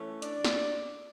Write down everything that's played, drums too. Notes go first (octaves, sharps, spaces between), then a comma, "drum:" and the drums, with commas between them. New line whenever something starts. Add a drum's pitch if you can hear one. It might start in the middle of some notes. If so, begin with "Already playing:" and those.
Already playing: E3 A3 C#4
D4 D5, drum: hi-hat
drum: snare